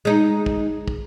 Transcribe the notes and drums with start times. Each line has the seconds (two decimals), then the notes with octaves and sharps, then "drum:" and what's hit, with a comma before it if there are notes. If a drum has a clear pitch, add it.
0.05 G#3 D#4
0.46 drum: kick
0.88 drum: kick